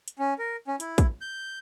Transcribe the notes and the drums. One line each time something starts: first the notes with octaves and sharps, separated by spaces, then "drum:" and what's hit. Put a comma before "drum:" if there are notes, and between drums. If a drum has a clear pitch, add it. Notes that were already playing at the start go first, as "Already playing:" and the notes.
drum: hi-hat
C#4
A#4
C#4
E4, drum: hi-hat
drum: kick, hi-hat
G6